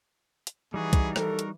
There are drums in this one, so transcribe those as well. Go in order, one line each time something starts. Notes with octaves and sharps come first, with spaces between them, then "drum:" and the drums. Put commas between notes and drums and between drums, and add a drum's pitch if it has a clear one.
drum: hi-hat
E3 G3 D#4 F#4 G#4
drum: kick, hi-hat
A4 A#4, drum: rim click
drum: hi-hat